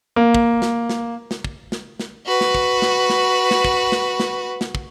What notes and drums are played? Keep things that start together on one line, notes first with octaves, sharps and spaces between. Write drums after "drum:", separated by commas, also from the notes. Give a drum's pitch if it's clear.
A#3
drum: kick
drum: snare
drum: snare
drum: snare
drum: kick
drum: snare
drum: snare
F#4 B4
drum: snare
drum: kick
drum: snare
drum: snare
drum: snare
drum: kick
drum: snare
drum: snare
drum: snare
drum: kick